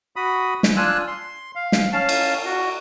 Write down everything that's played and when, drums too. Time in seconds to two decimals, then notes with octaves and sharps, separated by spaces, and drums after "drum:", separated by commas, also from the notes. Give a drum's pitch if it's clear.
0.16 F#4 B5 D#6
0.63 drum: snare
0.77 D4 F4 G#5 E6 F#6
1.07 C6
1.55 F5
1.72 drum: snare
1.93 C#4 F5 A5
2.09 drum: cymbal
2.45 F#4